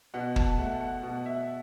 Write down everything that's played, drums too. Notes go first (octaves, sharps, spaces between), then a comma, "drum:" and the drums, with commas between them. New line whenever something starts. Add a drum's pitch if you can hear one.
B2 F#5
A5, drum: kick
A3 F#5
F#5
B2 F#5
E5